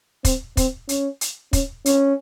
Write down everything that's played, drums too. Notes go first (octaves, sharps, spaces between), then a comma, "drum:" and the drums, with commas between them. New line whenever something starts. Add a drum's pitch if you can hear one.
C4, drum: kick, hi-hat
C4, drum: kick, hi-hat
C#4, drum: hi-hat
drum: hi-hat
C#4, drum: kick, hi-hat
C#4, drum: hi-hat